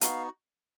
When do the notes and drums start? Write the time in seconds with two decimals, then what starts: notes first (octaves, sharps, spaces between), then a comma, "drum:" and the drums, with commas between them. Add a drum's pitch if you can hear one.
0.01 B3 D#4 F#4 F5, drum: hi-hat